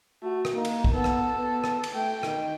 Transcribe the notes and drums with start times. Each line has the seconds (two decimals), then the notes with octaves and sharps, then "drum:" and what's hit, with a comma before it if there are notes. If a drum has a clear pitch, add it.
0.23 A3 F#4
0.45 drum: rim click
0.54 A#3 D#4
0.65 drum: cymbal
0.84 drum: kick
0.94 B3 A4
1.04 drum: rim click
1.37 B3
1.64 drum: rim click
1.83 drum: cymbal
1.95 A3 G5
2.23 D#3, drum: rim click